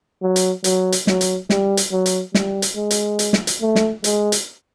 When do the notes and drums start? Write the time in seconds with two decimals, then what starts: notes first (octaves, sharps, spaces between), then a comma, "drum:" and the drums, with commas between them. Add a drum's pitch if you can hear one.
0.22 F#3
0.36 drum: hi-hat
0.64 F#3, drum: hi-hat
0.92 drum: hi-hat
1.07 F#3, drum: snare
1.21 drum: hi-hat
1.50 G3, drum: snare
1.77 drum: hi-hat
1.92 F#3
2.06 drum: hi-hat
2.34 G3, drum: snare
2.62 drum: hi-hat
2.76 G#3
2.91 drum: hi-hat
3.19 drum: hi-hat
3.33 drum: snare
3.47 drum: hi-hat
3.61 A3
3.75 drum: snare
4.04 G#3, drum: hi-hat
4.32 drum: hi-hat